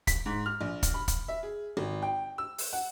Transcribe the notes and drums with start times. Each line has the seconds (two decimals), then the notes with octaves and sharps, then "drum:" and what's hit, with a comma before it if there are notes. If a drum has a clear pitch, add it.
0.07 B6, drum: kick, hi-hat
0.26 G#2
0.46 F6
0.61 A#1
0.83 drum: kick, hi-hat
0.94 B5
1.08 drum: kick, hi-hat
1.28 E5
1.43 G#4
1.77 G#1
2.02 G5
2.38 E6
2.58 drum: open hi-hat
2.73 F#5